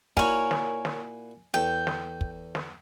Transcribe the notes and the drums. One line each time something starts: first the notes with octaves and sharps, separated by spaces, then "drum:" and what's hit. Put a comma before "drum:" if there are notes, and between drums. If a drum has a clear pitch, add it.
A#2 E4 F#4 A#4 C#5 G#5, drum: kick
drum: snare
drum: snare
E2 A4 G5
drum: snare
drum: kick
drum: snare